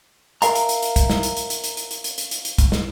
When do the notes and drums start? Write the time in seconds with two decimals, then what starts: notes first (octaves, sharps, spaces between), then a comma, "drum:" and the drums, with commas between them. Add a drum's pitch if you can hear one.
0.42 A#4 E5 F5 A5 A#5, drum: hi-hat
0.55 drum: hi-hat
0.69 drum: hi-hat
0.82 drum: hi-hat
0.96 drum: kick, hi-hat
1.10 drum: snare
1.23 drum: hi-hat
1.37 drum: hi-hat
1.50 drum: hi-hat
1.64 drum: hi-hat
1.77 drum: hi-hat
1.91 drum: hi-hat
2.04 drum: hi-hat
2.18 drum: hi-hat
2.31 drum: hi-hat
2.45 drum: hi-hat
2.58 drum: kick, hi-hat
2.72 drum: snare